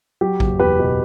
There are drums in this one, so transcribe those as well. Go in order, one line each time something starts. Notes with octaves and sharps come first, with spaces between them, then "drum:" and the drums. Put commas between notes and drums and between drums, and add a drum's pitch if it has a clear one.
F#3 G4
F#1, drum: kick A1
E2 G4 B4
B2